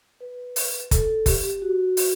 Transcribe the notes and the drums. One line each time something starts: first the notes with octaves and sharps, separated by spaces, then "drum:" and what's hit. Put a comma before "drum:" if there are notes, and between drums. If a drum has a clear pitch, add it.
B4
drum: open hi-hat
A4, drum: kick F#1, hi-hat
G4, drum: kick F#1, open hi-hat
G4
F#4
drum: open hi-hat